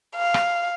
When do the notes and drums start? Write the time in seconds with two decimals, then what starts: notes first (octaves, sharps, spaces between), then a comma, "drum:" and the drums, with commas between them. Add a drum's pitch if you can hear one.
0.16 F5
0.34 drum: rim click